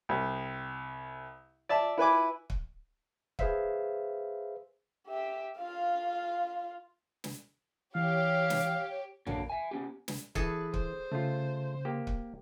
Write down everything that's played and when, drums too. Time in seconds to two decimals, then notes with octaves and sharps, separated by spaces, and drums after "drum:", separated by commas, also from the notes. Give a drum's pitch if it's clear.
0.09 C2
1.69 D5 E5 A5
1.98 E4 B4 G#5 D6
2.50 drum: kick
3.39 G#4 B4 C5 E5 F5, drum: kick
5.07 G4 E5
5.58 F4 F5
7.24 drum: snare
7.95 E3 G4 C#5 F5
8.50 drum: snare
9.27 B2 D3 F#3 A#3 D4, drum: tom A#1
9.50 E5 G#5
9.71 B3 C#4 G4
10.08 drum: snare
10.35 E3 G#4 A4 B4, drum: kick
10.74 C5, drum: kick
11.12 C#3 A3 F4
11.85 A#3 G4
12.07 drum: kick